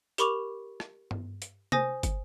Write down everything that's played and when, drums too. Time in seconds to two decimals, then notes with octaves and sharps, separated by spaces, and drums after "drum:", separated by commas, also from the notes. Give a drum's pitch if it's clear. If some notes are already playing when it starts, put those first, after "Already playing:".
0.18 G4 A#4 B5 C#6 D6 F7, drum: hi-hat
0.80 drum: rim click
1.11 drum: tom G2
1.42 drum: hi-hat
1.72 C5 G#5 D#6 A#6, drum: tom C3
2.03 drum: kick, hi-hat